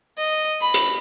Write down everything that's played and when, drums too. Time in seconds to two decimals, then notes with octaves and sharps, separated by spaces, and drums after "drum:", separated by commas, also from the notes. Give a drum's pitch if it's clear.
0.18 D#5
0.61 B5
0.74 drum: hi-hat